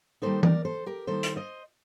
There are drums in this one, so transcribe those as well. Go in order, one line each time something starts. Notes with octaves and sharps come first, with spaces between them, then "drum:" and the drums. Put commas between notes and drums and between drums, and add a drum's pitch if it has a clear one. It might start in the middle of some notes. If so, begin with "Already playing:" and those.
D#3 G3 A#3 D#4 A4 C5
A#4 D5, drum: tom E3
A4 C5
G4 A#4
D#3 G3 A#3 D#4 A4 C5
drum: hi-hat
C5 D#5